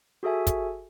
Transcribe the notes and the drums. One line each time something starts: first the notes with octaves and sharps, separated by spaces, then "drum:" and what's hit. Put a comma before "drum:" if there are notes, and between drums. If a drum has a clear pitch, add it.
F#4 G#4 A4 E5 G#5
drum: kick, hi-hat